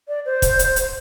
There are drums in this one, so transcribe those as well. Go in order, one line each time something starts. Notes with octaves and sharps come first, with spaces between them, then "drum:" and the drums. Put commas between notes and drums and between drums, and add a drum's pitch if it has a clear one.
D5
C5
drum: kick, hi-hat
drum: hi-hat
drum: hi-hat